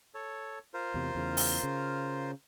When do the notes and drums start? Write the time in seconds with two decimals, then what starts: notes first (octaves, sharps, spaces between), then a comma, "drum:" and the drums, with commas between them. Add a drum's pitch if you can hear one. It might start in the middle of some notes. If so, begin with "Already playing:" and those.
0.14 A4 C#5
0.74 F4 A#4 C5
0.94 E2 C3
1.15 E2 C#3
1.37 drum: open hi-hat
1.63 C#3